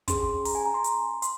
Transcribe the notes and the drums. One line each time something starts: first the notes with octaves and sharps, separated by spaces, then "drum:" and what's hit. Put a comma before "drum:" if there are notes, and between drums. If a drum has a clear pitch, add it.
C#4 G#4 C6, drum: kick, hi-hat
A#5, drum: open hi-hat
G#5
A#5
C6
drum: hi-hat
C6, drum: hi-hat